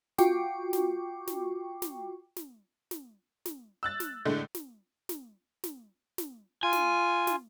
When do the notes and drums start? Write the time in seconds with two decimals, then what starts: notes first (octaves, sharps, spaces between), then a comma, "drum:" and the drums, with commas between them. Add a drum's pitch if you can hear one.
0.18 F4 F#4 G5 C#6 D6, drum: snare
0.73 drum: snare
1.27 drum: snare
1.82 drum: snare
2.36 drum: snare
2.91 drum: snare
3.45 drum: snare
3.83 E6 F#6 A6
4.00 drum: snare
4.25 A2 D3 G#3 A3
4.55 drum: snare
5.09 drum: snare
5.64 drum: snare
6.18 drum: snare
6.63 F4 G#5
6.73 drum: snare
7.27 drum: snare